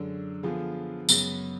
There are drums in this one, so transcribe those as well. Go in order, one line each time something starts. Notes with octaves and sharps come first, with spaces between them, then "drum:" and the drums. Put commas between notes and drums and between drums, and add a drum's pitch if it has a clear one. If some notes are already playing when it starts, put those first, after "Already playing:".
Already playing: F#2 D3 G#3 D4
D3 F3 B3 F4 G#4
F#2 C#3 G#3 B3, drum: tambourine